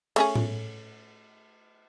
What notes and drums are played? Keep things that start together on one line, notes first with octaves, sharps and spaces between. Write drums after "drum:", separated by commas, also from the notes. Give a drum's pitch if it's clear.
A3 C#4 G#4, drum: cymbal
drum: tom A2